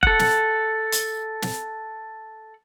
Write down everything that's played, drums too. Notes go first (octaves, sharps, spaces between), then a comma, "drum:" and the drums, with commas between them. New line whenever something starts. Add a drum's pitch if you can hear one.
A4 F#5, drum: kick
drum: snare
drum: hi-hat
drum: snare